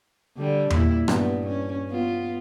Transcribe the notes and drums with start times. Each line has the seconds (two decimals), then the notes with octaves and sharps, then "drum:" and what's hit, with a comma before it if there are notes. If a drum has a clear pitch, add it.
0.37 D3 G3
0.70 A#2 G3 E4, drum: tom E2
1.08 G2 B3, drum: rim click
1.46 C#4
1.89 B3 F4